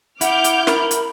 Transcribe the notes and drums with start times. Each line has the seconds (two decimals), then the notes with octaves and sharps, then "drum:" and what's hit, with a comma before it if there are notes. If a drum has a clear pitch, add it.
0.21 E4 F#5 D6 F6 G6, drum: hi-hat
0.44 drum: hi-hat
0.67 A#4 B5, drum: snare
0.91 drum: hi-hat